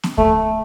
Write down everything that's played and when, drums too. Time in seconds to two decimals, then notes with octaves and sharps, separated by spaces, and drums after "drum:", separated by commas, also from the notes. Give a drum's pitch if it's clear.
0.03 drum: snare B3
0.18 A3, drum: kick D2